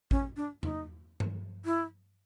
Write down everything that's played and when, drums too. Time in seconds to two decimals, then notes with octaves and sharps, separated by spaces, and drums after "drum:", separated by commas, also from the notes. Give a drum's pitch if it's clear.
0.11 C#4, drum: kick A1
0.36 D4
0.63 D#4, drum: tom E2
1.20 drum: tom G2
1.65 E4